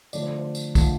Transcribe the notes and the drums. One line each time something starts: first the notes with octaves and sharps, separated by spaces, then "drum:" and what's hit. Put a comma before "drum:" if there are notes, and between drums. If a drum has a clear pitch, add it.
D3 F3 A3 D5, drum: tambourine
C5
A4
C5
drum: tambourine
D3 F3 A3 A4, drum: kick, tambourine